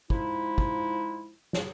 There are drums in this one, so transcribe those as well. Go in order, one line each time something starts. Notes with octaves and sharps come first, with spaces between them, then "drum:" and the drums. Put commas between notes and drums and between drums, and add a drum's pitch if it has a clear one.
F3 G#3 D#4 E4, drum: kick
drum: kick
drum: snare